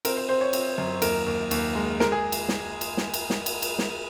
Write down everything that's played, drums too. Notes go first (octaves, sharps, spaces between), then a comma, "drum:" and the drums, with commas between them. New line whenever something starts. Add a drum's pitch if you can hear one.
C4 A#4, drum: cymbal
C5
C4 C5
C#5
C4, drum: cymbal
F#2
D#2 A#4, drum: cymbal
D#2
D#2, drum: cymbal
G#3
G#3 A#4, drum: snare
G#4
drum: cymbal
drum: snare
drum: cymbal
drum: snare
drum: cymbal
drum: snare
drum: cymbal
drum: cymbal
drum: snare